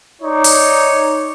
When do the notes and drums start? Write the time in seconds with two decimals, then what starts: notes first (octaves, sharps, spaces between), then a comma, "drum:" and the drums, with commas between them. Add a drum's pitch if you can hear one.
0.21 D#4 C#5 D5
0.44 drum: open hi-hat